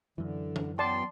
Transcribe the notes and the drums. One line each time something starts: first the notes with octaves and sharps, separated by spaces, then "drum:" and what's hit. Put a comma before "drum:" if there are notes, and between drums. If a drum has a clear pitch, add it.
F#2 D3 E3
drum: tom E3
F#3 B3 D5 G5 A5 C6